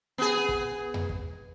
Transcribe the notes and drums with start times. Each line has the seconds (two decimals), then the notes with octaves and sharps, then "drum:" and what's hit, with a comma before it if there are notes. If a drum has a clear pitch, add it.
0.18 B3 G#4
0.49 drum: kick
0.94 drum: tom E2
1.09 drum: kick